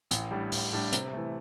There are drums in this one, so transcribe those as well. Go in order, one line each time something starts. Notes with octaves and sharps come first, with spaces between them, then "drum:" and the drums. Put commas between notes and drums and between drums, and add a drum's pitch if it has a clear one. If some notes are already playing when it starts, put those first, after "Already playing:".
A1, drum: hi-hat
A2 G3 D4
A1, drum: open hi-hat
A2 G3 D4
C3, drum: hi-hat
E3 A3